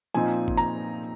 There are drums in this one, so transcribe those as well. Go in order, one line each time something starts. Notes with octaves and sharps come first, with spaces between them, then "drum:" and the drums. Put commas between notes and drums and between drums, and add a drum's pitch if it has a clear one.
A#2 F3 C4 D#4 G#5
drum: kick
A#5